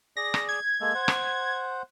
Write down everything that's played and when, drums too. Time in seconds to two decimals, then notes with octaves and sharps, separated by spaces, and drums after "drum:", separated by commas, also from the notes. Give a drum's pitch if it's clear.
0.17 G#4 D5 A#6
0.34 drum: rim click
0.49 G#6
0.81 G#3 A#3 A4
0.95 C5 F#5
1.08 drum: rim click